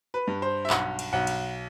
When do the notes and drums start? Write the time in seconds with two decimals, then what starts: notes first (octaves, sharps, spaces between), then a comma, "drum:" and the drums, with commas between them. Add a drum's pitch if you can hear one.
0.14 B4
0.27 G2
0.42 C5
0.65 E5
0.70 B1 F#5, drum: clap
0.99 drum: cymbal
1.13 B1 F#5
1.27 drum: cymbal